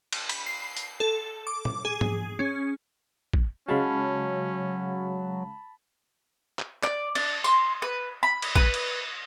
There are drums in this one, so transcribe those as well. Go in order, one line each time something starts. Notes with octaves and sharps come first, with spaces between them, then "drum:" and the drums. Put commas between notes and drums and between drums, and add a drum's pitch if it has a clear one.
drum: cymbal
B5, drum: cymbal
C7
drum: hi-hat
A4
D6
drum: tom
G#4
drum: tom G#2
C#4
drum: kick
C#3 F#3 G#3 C#4 F5 A5 B5
drum: clap
D5, drum: clap
D4, drum: cymbal
C6, drum: tambourine
B4
B5
drum: cymbal
B4, drum: kick
drum: cymbal